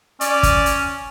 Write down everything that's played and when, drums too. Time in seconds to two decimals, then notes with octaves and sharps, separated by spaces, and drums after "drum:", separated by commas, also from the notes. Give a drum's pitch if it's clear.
0.21 C#4 D5, drum: hi-hat
0.43 drum: kick, hi-hat
0.66 drum: hi-hat